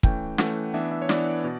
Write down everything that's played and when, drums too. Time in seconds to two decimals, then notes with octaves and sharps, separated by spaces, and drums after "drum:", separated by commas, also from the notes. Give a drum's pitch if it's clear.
0.03 E3 A3 C#4 G5, drum: kick
0.38 E3 A3 C#4 F#5, drum: snare
0.74 E3 B3 D4 E5
0.91 E5
1.02 C#5
1.09 E3 B3 D4 D5, drum: snare
1.44 B2